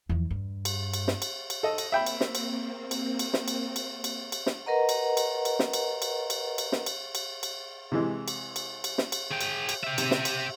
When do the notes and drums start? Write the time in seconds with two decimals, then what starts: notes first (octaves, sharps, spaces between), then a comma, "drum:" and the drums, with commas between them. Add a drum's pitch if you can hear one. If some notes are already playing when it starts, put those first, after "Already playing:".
0.09 E2 F3
0.30 G2
0.65 drum: cymbal
0.94 drum: cymbal
1.08 drum: snare
1.22 drum: cymbal
1.50 drum: cymbal
1.63 A4 D#5
1.78 drum: cymbal
1.92 A#3 C4 E5 G5 B5
2.06 drum: cymbal
2.21 drum: snare
2.35 drum: cymbal
2.91 drum: cymbal
3.19 drum: cymbal
3.34 drum: snare
3.48 drum: cymbal
3.76 drum: cymbal
4.04 drum: cymbal
4.32 drum: cymbal
4.46 drum: snare
4.66 A#4 B4 D#5 F#5 A#5
4.89 drum: cymbal
5.17 drum: cymbal
5.45 drum: cymbal
5.59 drum: snare
5.73 drum: cymbal
6.02 drum: cymbal
6.30 drum: cymbal
6.58 drum: cymbal
6.72 drum: snare
6.86 drum: cymbal
7.15 drum: cymbal
7.43 drum: cymbal
7.92 C3 E3 G#3
8.28 drum: cymbal
8.56 drum: cymbal
8.84 drum: cymbal
8.98 drum: snare
9.12 drum: cymbal
9.31 G#4 G5
9.41 drum: cymbal
9.69 drum: cymbal
9.83 G4 E5
9.98 C3, drum: cymbal
10.11 drum: snare
10.25 drum: cymbal